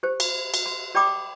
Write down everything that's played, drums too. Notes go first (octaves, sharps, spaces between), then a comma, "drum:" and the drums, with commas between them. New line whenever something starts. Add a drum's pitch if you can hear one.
G4 C5
drum: cymbal
drum: cymbal
C6
G4 D5 G5 B5 D6 D#6